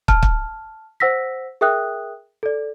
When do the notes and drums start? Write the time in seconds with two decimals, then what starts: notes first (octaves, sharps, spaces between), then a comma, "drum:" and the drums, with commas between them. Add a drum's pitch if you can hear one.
0.08 A5 F6, drum: kick
0.23 drum: kick
1.00 C5 F#5 E6 A#6 B6
1.61 G#4 A#4 E5 G5 D#6 F#6
2.43 A4 D5